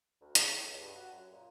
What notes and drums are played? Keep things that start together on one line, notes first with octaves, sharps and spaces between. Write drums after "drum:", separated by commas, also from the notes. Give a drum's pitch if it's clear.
D2
C#3, drum: hi-hat
A2
C#2
G2
F#4
F#2
A#2